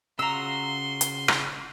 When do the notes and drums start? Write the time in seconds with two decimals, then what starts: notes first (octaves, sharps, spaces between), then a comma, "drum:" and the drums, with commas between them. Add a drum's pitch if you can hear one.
0.19 C#3 F4 F#4 A#5 C6 E6
1.01 drum: hi-hat
1.28 drum: rim click